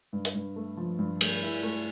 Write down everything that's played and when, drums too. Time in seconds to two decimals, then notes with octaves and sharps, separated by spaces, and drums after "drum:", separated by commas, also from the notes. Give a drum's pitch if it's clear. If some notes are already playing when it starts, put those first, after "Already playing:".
0.13 G2
0.25 drum: hi-hat
0.34 G2
0.56 A3
0.77 F3
0.99 G2
1.21 A3, drum: cymbal
1.42 E4
1.63 A3